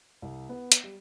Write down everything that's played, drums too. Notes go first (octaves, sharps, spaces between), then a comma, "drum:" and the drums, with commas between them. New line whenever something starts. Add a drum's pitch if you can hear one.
C2
B3
drum: hi-hat
G3